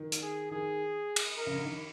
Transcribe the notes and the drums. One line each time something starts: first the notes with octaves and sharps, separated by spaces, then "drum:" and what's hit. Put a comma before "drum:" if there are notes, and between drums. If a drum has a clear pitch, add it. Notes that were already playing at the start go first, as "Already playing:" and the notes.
Already playing: D#3
drum: hi-hat
G#4
D#3 G#4
drum: cymbal
A#4
C#3
D3
D#3